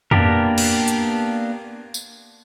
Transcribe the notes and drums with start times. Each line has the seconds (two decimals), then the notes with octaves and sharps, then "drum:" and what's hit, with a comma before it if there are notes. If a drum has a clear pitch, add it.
0.11 A#3 B3 D4 G4 A#4, drum: tom F2
0.58 drum: cymbal
0.88 drum: hi-hat
1.94 drum: tambourine